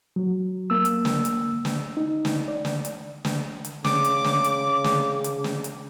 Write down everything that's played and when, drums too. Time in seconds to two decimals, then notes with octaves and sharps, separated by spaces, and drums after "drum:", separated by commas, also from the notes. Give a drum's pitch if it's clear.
0.16 F#3
0.70 A#3 E6
0.85 drum: hi-hat
1.05 drum: snare
1.25 drum: hi-hat
1.65 drum: snare
1.97 D#4
2.25 drum: snare
2.48 D5
2.65 drum: snare
2.85 drum: hi-hat
3.25 drum: snare
3.65 drum: hi-hat
3.84 C#3 D6, drum: snare
4.04 drum: hi-hat
4.24 drum: snare
4.44 drum: hi-hat
4.84 drum: snare
5.24 drum: hi-hat
5.44 drum: snare
5.64 drum: hi-hat